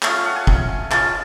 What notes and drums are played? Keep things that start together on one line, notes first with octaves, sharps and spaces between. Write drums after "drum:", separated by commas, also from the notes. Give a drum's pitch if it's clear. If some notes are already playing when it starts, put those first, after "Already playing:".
A3 C#4 F4 D#5, drum: clap
F5
F#5
G#5
drum: kick
G#3 C#4 F4 A5, drum: clap